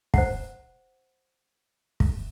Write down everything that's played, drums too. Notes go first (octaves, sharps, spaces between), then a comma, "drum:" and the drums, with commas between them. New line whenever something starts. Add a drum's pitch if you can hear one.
C5 F#5, drum: kick
drum: kick